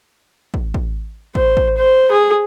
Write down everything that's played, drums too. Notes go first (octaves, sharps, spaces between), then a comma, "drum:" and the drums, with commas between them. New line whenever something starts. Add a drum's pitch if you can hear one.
drum: kick
drum: kick
C5, drum: kick
drum: kick
C5
G#4